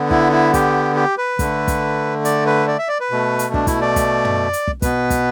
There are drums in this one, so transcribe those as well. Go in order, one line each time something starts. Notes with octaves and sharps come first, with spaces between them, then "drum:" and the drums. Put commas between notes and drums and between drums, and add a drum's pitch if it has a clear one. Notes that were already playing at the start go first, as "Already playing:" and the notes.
Already playing: D3 B3
E4, drum: kick
E4
G4, drum: kick, hi-hat
G4
B4
D3 A3, drum: kick, hi-hat
drum: kick, hi-hat
D5, drum: hi-hat
B4
D5
E5
D5
B4
B2 A3
drum: hi-hat
D4, drum: kick
E4, drum: kick, hi-hat
D5
drum: kick, hi-hat
drum: tom
drum: hi-hat
drum: kick
B2 B3 B4, drum: kick, hi-hat
drum: kick, hi-hat